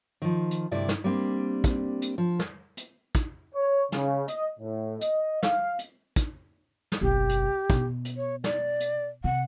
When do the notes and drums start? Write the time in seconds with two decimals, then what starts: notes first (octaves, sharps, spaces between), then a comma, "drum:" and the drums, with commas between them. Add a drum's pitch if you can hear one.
0.22 D#3 F3
0.51 drum: hi-hat
0.71 D2 G2 C3 E4 D5
0.89 drum: snare
1.04 G3 A#3 C4 D4
1.64 drum: kick, hi-hat
2.02 drum: hi-hat
2.18 F3
2.39 drum: snare
2.77 drum: hi-hat
3.15 drum: kick, hi-hat
3.55 C#5
3.92 C#3, drum: snare
4.28 D#5, drum: hi-hat
4.60 A2
5.01 D#5, drum: hi-hat
5.43 F5, drum: snare
5.79 drum: hi-hat
6.16 drum: kick, hi-hat
6.92 drum: snare
7.01 F#1 B1 G4
7.29 drum: hi-hat
7.70 B2, drum: kick, hi-hat
8.05 drum: hi-hat
8.17 C#5
8.44 D5, drum: snare
8.80 drum: hi-hat
9.24 C3 F#5